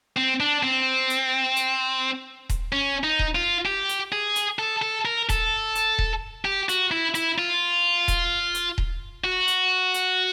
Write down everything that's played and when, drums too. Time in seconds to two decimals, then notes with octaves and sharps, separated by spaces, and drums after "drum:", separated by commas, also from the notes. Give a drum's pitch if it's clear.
0.17 C4
0.40 D4
0.63 C4
1.10 drum: hi-hat
1.56 drum: hi-hat
2.50 drum: kick D#1, hi-hat
2.73 C#4
3.04 D#4
3.19 drum: kick D#1
3.35 F4
3.66 G4
3.89 drum: hi-hat
4.12 G#4
4.36 drum: hi-hat
4.59 A4
4.82 A4
5.05 A#4
5.29 A4, drum: kick D#1, hi-hat
5.75 drum: hi-hat
5.99 drum: kick D#1
6.45 G4
6.69 F#4, drum: hi-hat
6.91 E4
7.15 E4, drum: hi-hat
7.38 F4
8.08 drum: kick D#1, hi-hat
8.55 drum: hi-hat
8.78 drum: kick D#1
9.24 F#4
9.48 drum: hi-hat
9.94 drum: hi-hat